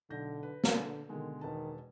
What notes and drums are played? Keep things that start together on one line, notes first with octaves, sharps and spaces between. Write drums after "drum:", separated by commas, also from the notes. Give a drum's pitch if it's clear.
B1 D3 G6 A#6
B4
drum: snare
D3
B2 D3 D#3 G#3
E1 D#3 B4 A5